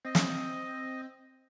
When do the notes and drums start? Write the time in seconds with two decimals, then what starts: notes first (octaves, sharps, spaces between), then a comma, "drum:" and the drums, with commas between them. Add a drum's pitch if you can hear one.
0.05 C4 D#5
0.15 C#4, drum: snare
0.24 C4